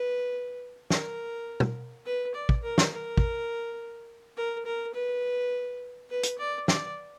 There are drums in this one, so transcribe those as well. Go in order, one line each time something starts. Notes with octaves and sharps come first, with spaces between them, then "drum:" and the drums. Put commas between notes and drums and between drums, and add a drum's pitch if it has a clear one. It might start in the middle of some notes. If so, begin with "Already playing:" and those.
Already playing: B4
A#4, drum: snare
drum: tom
B4
D5
drum: kick
A#4
drum: snare
A#4
drum: kick
A#4
A#4
B4
B4
drum: hi-hat
D5
D5, drum: snare